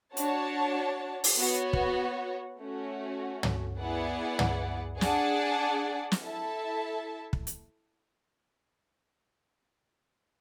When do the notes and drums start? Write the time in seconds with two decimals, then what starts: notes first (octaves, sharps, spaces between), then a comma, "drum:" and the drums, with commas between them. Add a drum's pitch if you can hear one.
0.17 D4 F#4 C#5 F#5 A5, drum: hi-hat
1.24 drum: open hi-hat
1.38 B3 F#4 C#5
1.73 drum: kick
2.59 A3 C#4 F#4
3.43 drum: tom
3.80 B3 E4 G#4 D5 F#5
4.39 drum: tom
5.01 D4 G#4 D5 F#5 A5, drum: snare
6.12 drum: snare
6.22 E4 A4 E5 A5
7.33 drum: kick
7.47 drum: hi-hat